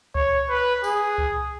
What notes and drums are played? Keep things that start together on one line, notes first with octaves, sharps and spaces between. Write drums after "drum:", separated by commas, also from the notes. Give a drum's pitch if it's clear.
C#5, drum: kick C#2
B4
G#4, drum: tambourine
drum: kick C#2